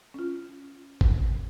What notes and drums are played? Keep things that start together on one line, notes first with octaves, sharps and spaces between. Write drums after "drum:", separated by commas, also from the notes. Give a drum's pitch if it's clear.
C#4 F4
drum: kick